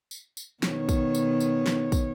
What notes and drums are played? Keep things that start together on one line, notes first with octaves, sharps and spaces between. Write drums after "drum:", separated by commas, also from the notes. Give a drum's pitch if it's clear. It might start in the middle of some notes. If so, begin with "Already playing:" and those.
drum: tambourine
drum: tambourine
B2 D#3 C#5, drum: snare
drum: kick, tambourine
drum: tambourine
drum: tambourine
drum: snare
drum: kick, tambourine